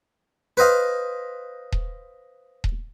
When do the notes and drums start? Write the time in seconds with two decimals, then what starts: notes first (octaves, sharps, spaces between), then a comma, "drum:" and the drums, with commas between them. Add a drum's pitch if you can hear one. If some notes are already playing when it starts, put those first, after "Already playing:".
0.57 B4 C5 D#5 F5
1.72 drum: kick D#1
2.64 drum: kick D#1